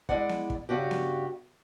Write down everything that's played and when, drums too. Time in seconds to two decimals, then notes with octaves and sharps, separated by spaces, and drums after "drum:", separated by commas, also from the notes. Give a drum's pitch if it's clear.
0.09 G#3 E4 D5 F#5, drum: kick
0.29 drum: snare B3
0.50 drum: kick
0.69 G2 C#3 C#4 F#4 G4
0.91 drum: snare B3